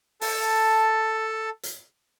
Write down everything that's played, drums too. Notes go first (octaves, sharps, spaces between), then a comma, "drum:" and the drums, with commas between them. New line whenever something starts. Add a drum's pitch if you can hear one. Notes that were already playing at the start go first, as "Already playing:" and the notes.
A4 A5, drum: open hi-hat
drum: hi-hat